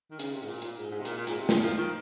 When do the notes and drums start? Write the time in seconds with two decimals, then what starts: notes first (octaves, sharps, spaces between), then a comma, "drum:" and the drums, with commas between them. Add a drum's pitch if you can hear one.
0.11 D#3
0.19 C#3, drum: hi-hat
0.33 C3
0.42 G#2, drum: open hi-hat
0.48 A#2
0.62 A#2, drum: hi-hat
0.77 G#2
0.91 G#2
1.00 C3
1.05 A#2, drum: hi-hat
1.17 A#2
1.27 G#2, drum: hi-hat
1.38 C3
1.49 C#3, drum: snare
1.56 D#3
1.63 F3
1.77 D#3